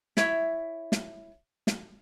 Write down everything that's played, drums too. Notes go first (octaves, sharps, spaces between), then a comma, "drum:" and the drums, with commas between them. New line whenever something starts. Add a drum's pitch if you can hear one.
E4 C#5 E5, drum: snare
drum: snare
drum: snare